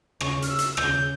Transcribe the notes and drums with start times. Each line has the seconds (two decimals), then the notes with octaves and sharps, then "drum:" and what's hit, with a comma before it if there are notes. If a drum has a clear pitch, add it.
0.20 C#3 C#6, drum: rim click
0.42 F6, drum: hi-hat
0.49 E6
0.59 drum: hi-hat
0.77 C#3 G6, drum: rim click